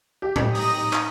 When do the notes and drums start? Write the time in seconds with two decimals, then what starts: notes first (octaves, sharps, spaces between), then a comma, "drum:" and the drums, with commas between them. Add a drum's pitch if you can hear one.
0.22 G4
0.36 drum: tom A2
0.55 D#4 D#6 A#6, drum: open hi-hat
0.93 drum: clap